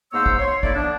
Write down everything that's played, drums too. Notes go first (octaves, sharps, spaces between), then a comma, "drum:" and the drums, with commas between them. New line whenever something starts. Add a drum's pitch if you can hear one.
G#2 A#3 B3 C5 C#5 E6
drum: kick
C#5 C6
A3 A#3 D#4 E4 D5, drum: kick
D3 F3 B3 D4